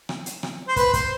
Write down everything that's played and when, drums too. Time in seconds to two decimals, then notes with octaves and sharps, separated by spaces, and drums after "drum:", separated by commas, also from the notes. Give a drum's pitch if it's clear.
0.09 drum: rim click
0.26 drum: hi-hat
0.43 drum: rim click
0.68 C5
0.76 B4, drum: kick, hi-hat
0.94 C5, drum: kick, hi-hat